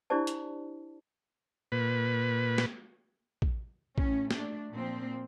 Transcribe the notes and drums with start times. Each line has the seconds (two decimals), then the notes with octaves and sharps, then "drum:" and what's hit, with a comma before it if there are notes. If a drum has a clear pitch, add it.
0.10 D4 E4 G4 C5 D5 A5
0.27 drum: hi-hat
1.72 A#2 B4
2.58 drum: snare
3.42 drum: kick
3.98 A2 C#4, drum: kick
4.31 A3 D4, drum: snare
4.72 A#2 F3 C4